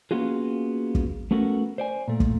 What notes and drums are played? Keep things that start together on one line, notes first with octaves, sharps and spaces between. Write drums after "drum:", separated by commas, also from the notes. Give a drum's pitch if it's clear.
A#3 B3 C#4 F4 F#4 G#4
drum: kick
A3 B3 C#4 F#4 A4 A#4
C5 D5 G#5
A#2 A3
drum: kick